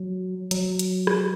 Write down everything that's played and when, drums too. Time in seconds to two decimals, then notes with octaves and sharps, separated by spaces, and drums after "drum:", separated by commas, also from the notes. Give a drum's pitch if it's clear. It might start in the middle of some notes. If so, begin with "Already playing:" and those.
Already playing: F#3
0.51 F#3, drum: hi-hat
0.79 drum: hi-hat
1.07 drum: rim click